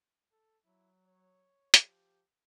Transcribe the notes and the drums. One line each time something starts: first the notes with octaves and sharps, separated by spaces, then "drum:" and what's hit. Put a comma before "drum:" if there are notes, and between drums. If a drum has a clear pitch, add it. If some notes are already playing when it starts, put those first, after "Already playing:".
A4
F#3 E4
C#5
F3 G4, drum: hi-hat